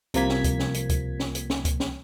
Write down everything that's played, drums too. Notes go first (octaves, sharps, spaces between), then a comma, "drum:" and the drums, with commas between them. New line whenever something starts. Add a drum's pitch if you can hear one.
C2 C3 F3 A#3 G#6 B6, drum: hi-hat
drum: snare
drum: kick C#2, hi-hat
drum: snare
drum: hi-hat
drum: kick C#2, hi-hat
drum: snare
drum: hi-hat
drum: snare
drum: kick C#2, hi-hat
drum: snare